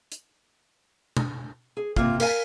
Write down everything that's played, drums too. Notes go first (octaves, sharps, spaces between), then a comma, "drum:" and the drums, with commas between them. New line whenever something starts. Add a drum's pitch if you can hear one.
drum: hi-hat
drum: tom B2
G#4
C3 A#3 F4, drum: kick
A#4 F5 G#5, drum: cymbal